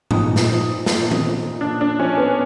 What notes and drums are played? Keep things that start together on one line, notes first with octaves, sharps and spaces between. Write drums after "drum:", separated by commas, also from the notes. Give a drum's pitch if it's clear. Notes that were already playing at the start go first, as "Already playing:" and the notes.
A#2 D#4, drum: tom G2
drum: snare
F3
A#2, drum: snare
drum: tom
F3
A#2 D4
D4
F3 C#4
B3